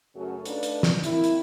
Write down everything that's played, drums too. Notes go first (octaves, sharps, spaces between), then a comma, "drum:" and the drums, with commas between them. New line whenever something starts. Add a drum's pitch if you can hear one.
F#2 C#3 A3 C#4 F#4 A4
A3 D4 D#4 F4 A4 B4, drum: hi-hat
drum: hi-hat
drum: snare
D#3 A#3 C4 E4, drum: hi-hat
drum: hi-hat